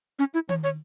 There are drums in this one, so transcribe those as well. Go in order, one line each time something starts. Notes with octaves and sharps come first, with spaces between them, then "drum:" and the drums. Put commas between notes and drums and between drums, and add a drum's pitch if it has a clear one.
C#4
E4
C#5, drum: tom D#3
C#5